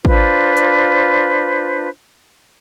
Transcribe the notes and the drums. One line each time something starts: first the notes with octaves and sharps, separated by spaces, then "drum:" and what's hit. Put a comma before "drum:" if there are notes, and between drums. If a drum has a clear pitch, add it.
D4 F4 B4 C5, drum: kick
drum: hi-hat